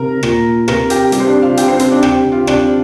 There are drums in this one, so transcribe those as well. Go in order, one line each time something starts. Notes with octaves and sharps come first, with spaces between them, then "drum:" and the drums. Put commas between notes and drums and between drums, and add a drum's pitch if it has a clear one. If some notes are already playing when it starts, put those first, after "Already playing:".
Already playing: C3 A#4 A#5
A#2, drum: rim click
C3 A#4 A#5, drum: rim click
G4 G5, drum: hi-hat
G3 G4, drum: hi-hat
C5
D4 D5
F4 F5
G4 G5, drum: hi-hat
C4 C5
C4 C5, drum: hi-hat
D4 D5
G4 G5, drum: rim click
F4 F5
C3 D4 D5, drum: rim click